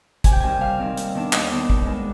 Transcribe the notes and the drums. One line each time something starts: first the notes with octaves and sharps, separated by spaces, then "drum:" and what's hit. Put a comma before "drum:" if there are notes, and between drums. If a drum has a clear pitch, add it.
C3 G#5, drum: kick, hi-hat
G5
D#3 G3 C4 G#5
C3 F5
D#3 G3 C4
D#2, drum: hi-hat
D#3 B3 D4
D#2 D#5, drum: clap
D#3 B3 D4
D#2, drum: kick
D#3 G#3 B3 D4